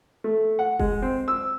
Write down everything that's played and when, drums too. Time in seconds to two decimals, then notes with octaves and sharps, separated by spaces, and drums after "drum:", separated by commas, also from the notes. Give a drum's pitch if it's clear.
0.24 A3
0.59 F#5
0.79 G#3, drum: kick F1
1.02 C4
1.28 E6